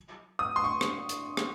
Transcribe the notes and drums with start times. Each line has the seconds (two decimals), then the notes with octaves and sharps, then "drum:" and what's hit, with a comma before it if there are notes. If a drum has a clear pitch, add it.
0.39 D#6
0.56 C6
0.64 C#6
0.81 drum: rim click
1.09 drum: hi-hat
1.37 drum: rim click